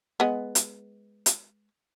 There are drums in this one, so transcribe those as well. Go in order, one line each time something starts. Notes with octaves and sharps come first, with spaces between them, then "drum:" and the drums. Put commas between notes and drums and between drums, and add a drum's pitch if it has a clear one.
G#3 B3
drum: hi-hat
drum: hi-hat